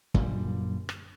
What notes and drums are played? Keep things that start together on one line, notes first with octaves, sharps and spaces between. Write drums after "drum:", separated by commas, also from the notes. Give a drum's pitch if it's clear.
F#2 A#2 D3 G3, drum: kick
drum: rim click